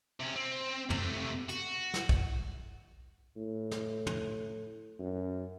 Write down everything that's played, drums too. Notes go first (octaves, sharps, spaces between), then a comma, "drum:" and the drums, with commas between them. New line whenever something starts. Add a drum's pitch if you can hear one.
C3 C#4
C4
C3 A3, drum: tom
F#4, drum: hi-hat
drum: snare
drum: kick A#1
A2
drum: snare
drum: tom
F#2